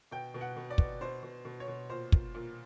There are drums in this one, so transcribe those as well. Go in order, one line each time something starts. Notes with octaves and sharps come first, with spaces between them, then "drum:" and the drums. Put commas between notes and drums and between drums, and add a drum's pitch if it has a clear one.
B2 G5
B2
F#5
B2
D5
B2, drum: kick
B2 C5
B2
B2
C#5
B2
A#2 C5
A#2, drum: kick
A#2